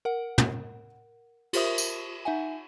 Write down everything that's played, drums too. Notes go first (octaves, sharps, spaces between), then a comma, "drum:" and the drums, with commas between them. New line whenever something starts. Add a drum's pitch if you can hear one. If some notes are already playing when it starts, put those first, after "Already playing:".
A#4 F#5
drum: tom
F4 G4 A#4 C5 E5 D#6, drum: cymbal
drum: tambourine
D#4 E5 F#5 G#5